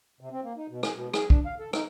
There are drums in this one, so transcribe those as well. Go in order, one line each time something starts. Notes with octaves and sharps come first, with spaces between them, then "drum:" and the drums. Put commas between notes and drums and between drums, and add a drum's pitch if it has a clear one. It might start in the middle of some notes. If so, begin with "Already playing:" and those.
C3
C4
A#3
D#4
B2
G#4, drum: rim click
B2
G#4, drum: rim click
D4, drum: kick
F5
A4
D#4, drum: rim click